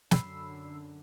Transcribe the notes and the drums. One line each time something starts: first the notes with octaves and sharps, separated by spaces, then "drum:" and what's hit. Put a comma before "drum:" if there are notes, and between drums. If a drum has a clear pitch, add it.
F#2 D3 B5 E6 C7, drum: snare